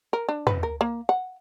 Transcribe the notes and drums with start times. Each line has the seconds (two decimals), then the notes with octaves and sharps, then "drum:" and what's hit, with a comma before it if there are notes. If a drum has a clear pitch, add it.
0.13 A#4
0.29 D4
0.47 B4, drum: tom
0.63 A#4
0.81 A#3
1.09 F#5